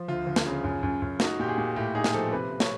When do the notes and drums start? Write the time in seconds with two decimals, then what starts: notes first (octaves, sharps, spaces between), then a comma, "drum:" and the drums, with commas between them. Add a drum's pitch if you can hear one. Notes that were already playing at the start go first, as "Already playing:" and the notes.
Already playing: F3
0.08 D2 F4
0.27 D2
0.36 drum: snare
0.46 C#3
0.64 F#2
0.83 F#2
1.02 F#2
1.20 D#4 F#4, drum: snare
1.39 A#2 G4
1.48 G#4
1.58 A#2
1.76 A2 G4
1.95 D#4 G#4
2.04 drum: snare
2.14 F3 A4
2.32 C3 B4
2.51 C3
2.60 C#5, drum: snare